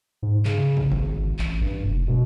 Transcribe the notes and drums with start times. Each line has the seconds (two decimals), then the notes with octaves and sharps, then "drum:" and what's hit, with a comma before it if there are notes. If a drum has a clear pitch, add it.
0.23 G#2
0.45 C#3, drum: clap
0.77 drum: kick
0.92 G#1, drum: kick
1.39 A1, drum: clap
1.61 G2
1.85 F1
2.08 B2